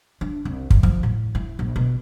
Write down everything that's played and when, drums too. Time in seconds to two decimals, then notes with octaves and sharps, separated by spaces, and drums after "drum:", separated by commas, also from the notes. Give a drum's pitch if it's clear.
0.21 D4
0.45 C2
0.70 F#2, drum: kick
0.83 F3, drum: kick
1.03 A2
1.35 E4
1.59 A#1
1.76 B2